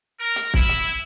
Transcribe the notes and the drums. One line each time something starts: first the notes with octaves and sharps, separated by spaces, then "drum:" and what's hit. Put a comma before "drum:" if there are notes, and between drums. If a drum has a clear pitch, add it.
A#4
drum: hi-hat
E4, drum: kick
drum: hi-hat